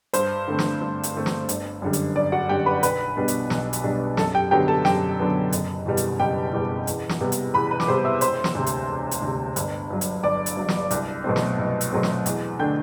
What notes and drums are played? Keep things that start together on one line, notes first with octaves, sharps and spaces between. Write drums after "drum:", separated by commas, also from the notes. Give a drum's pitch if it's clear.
G2 C5, drum: hi-hat
D3 A3 C4
drum: snare
G2
drum: hi-hat
D3 A3 C4
drum: snare
G1, drum: hi-hat
F#2 D3 G3
drum: hi-hat
G1 D5
F#4 F#5
F#2 D3 G3 G4 G5
B4 B5
B1 B4 B5, drum: hi-hat
B2 G3 B3 D4
drum: hi-hat
B1, drum: snare
drum: hi-hat
B2 G3 B3 D4
F#2 A4 A5, drum: snare
G4 G5
D3 F#3 B3 G4 G5
A4 A5
F#2 G4 G5, drum: snare
D3 F#3 B3
F#1, drum: hi-hat
E2 B2 G3
drum: hi-hat
F#1 G4 G5
E2 B2 G3
E2, drum: hi-hat
drum: snare
C3 G3 B3
drum: hi-hat
E2 B4 B5
B4 B5
D6, drum: snare
C3 G3 B3 C5 C6
E5 E6
E1 C5 C6, drum: hi-hat
drum: snare
D2 C3
drum: hi-hat
E1
drum: hi-hat
D2 C3
G1, drum: hi-hat
G2 F#3
drum: hi-hat
G1 D5 D6
drum: hi-hat
G2 F#3
drum: snare
C2, drum: hi-hat
B2 F#3 A3 C4
drum: snare
C2
drum: hi-hat
B2 F#3 A3 C4
drum: snare
E2, drum: hi-hat
D3 A3 D4 G5 G6